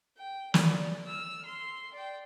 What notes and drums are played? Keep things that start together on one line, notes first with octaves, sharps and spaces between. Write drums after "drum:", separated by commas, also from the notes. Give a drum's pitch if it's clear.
G5
D5, drum: snare
E6 F6
C6
D5 G5